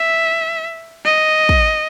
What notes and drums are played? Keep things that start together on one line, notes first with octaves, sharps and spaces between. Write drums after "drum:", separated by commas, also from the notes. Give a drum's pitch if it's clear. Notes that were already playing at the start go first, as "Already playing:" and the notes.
Already playing: E5
D#5
drum: kick